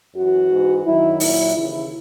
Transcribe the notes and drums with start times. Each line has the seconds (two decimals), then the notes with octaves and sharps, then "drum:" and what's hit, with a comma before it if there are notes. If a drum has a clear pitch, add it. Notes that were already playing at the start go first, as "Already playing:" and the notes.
0.15 F#2 E3 F#4
0.50 G#2 E3
0.85 F#2 D#3 F#3 E4
1.20 A#2 F#3 E4, drum: open hi-hat
1.56 D#2 C#3 E3 E4